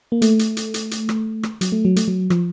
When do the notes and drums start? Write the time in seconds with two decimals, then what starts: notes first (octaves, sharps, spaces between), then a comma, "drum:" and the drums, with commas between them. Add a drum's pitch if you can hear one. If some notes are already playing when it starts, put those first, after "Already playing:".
0.12 A#3
0.22 A3, drum: hi-hat
0.39 drum: hi-hat
0.57 drum: hi-hat
0.74 drum: hi-hat
0.91 drum: hi-hat
1.09 drum: rim click
1.43 drum: rim click
1.61 F#3, drum: hi-hat
1.72 A3
1.85 F#3
1.96 A3, drum: hi-hat
2.08 F#3
2.30 F3, drum: rim click